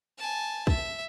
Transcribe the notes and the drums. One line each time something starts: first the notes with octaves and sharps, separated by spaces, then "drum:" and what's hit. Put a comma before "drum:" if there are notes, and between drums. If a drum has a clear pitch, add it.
G#5 A5
E5, drum: kick